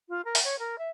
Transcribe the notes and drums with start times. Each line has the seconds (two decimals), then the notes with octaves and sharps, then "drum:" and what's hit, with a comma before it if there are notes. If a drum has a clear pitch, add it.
0.09 F4
0.25 A#4
0.35 drum: open hi-hat
0.44 C#5
0.59 A#4
0.78 E5